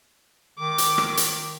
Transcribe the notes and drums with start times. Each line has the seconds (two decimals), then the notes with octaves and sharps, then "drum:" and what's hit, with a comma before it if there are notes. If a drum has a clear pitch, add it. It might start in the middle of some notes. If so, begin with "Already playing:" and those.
0.59 D#3 D6
0.78 drum: hi-hat
0.98 drum: rim click
1.17 drum: hi-hat